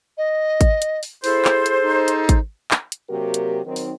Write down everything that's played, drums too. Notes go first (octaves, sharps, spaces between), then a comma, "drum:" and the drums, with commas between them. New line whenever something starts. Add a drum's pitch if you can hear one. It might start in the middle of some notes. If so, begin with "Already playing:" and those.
D#5
drum: kick G#1, hi-hat
drum: hi-hat
drum: open hi-hat
E4 G#4 A4 C5, drum: open hi-hat
drum: clap
drum: hi-hat
D#4
drum: hi-hat
drum: kick G#1, hi-hat
drum: clap
drum: hi-hat
C3 F#3 A#3 F#4 G4 A#4
drum: hi-hat
D#3 F#3 C4 D#4 A#4
drum: open hi-hat